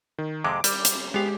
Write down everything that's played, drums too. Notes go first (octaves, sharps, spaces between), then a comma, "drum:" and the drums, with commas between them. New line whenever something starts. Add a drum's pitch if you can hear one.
D#3
F2 C3 G#3 D6
G3, drum: hi-hat
drum: hi-hat
G#3 B3 G4 F5